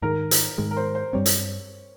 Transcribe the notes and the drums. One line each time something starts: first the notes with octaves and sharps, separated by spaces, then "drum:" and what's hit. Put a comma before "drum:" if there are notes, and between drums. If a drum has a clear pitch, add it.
G#2 D#3 G#3 A#4
drum: hi-hat
G#2 D#3 G#3
A#4
C5
C5
G2 G3 C4 C#5
drum: hi-hat